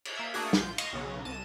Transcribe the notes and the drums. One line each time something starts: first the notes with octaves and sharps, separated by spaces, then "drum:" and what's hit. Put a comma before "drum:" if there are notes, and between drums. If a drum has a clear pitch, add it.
drum: cymbal
A#3 E5 G#6
A3 A#3 D4 F#4 G#4, drum: open hi-hat
A#1 F4 G6, drum: snare
D#5 F5 C6 C#6, drum: cymbal
B1 C#3 F#3
C2 A5 D#7